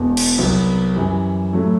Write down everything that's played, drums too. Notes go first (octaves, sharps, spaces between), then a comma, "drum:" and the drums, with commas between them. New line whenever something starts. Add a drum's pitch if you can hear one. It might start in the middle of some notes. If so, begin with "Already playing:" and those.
Already playing: E1 E2 B2
drum: cymbal
C2 C3 F#3 B3
F#2 E3 G3
A2 F#3 A3